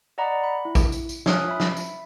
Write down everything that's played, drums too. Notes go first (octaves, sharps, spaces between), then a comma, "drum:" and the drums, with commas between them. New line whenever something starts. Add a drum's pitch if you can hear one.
D5 D#5 F#5 A#5 B5
B5
E4
drum: kick A#1, tambourine
drum: tambourine
drum: tambourine
F4 C#5 G#5 D#6 F6 F#6, drum: snare
E5 B5
drum: snare
drum: tambourine